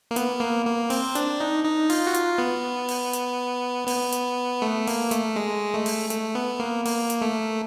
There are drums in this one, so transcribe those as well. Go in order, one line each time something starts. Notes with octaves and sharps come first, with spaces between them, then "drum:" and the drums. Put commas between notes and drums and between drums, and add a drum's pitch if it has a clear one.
A#3
B3, drum: hi-hat
A#3
A#3
C4, drum: open hi-hat
D4, drum: hi-hat
D#4
D#4
F4, drum: open hi-hat
F#4
F4, drum: hi-hat
B3
drum: open hi-hat
drum: hi-hat
B3, drum: open hi-hat
drum: hi-hat
A3
A#3, drum: open hi-hat
A3, drum: hi-hat
G#3
A3
drum: open hi-hat
A3, drum: hi-hat
B3
A#3
A#3, drum: open hi-hat
drum: hi-hat
A3